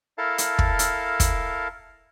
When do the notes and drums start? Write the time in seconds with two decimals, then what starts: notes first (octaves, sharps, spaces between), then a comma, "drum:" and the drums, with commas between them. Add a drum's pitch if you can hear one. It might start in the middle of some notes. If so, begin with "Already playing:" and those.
0.18 E4 A4 A#4 F5 A5
0.38 drum: hi-hat
0.59 drum: kick
0.79 drum: hi-hat
1.20 drum: kick, hi-hat